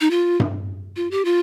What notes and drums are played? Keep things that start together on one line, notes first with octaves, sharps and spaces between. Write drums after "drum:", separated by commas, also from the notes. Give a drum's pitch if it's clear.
D#4
F4
drum: tom G2
F4
G4
F4